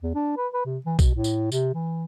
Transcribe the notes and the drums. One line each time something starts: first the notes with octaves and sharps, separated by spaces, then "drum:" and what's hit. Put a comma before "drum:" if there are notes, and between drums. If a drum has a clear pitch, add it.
E2
D4
B4
B4
C3
E3
B2, drum: kick B1, tambourine
A2
drum: tambourine
C3, drum: tambourine
E3